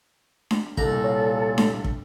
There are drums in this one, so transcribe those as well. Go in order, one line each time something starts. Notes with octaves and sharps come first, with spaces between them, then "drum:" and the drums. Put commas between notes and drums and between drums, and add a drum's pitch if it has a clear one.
drum: snare D4
C2 A#2 A4 A#5, drum: kick
C#5 F5
drum: snare D4
drum: kick